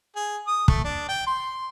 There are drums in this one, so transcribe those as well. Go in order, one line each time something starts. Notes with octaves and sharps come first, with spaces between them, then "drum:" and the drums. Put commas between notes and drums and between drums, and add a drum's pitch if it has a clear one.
G#4
D#6
A3, drum: kick
D4
G5
C6